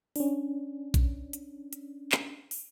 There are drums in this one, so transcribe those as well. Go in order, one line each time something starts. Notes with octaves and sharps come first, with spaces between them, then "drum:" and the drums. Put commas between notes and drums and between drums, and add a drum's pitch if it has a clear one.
C#4 D4, drum: open hi-hat
drum: kick, hi-hat
drum: hi-hat
drum: hi-hat
drum: clap
drum: open hi-hat